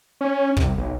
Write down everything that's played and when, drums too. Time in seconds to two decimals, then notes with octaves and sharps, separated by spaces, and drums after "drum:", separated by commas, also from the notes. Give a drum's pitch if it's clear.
0.21 C#4
0.57 C2, drum: kick
0.77 B1